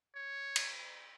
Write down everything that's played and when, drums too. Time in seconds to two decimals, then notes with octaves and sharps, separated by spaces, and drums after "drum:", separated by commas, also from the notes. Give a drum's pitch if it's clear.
0.16 C#5
0.56 drum: cymbal